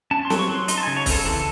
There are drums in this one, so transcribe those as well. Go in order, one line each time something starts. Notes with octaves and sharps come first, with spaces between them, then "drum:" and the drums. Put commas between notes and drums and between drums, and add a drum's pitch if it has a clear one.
C#4 A5
C6
F#3, drum: snare
C#6
F#3 C6
D#4 C6, drum: hi-hat
A5
C#3 G#5
C#5
C4, drum: kick, open hi-hat
A4
E3 A4